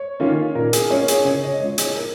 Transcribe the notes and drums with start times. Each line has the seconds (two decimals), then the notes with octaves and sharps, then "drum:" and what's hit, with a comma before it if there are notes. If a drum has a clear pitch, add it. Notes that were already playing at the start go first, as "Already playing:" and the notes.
Already playing: C#5
0.20 D#3 A#3 C#4 F4
0.55 A#2 A#4
0.73 G#4, drum: hi-hat
0.90 A#3 C#4 F4 C#5
1.08 G#4, drum: hi-hat
1.25 C#3 C#5
1.43 D#5
1.60 G#3 F4 C#5
1.78 G#4, drum: hi-hat
1.96 A#4